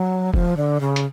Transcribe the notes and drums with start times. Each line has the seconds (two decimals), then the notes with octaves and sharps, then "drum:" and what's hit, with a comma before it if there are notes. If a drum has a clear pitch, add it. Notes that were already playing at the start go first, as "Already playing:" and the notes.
Already playing: F#3
0.34 F3, drum: kick
0.57 D3
0.81 C#3
0.96 drum: hi-hat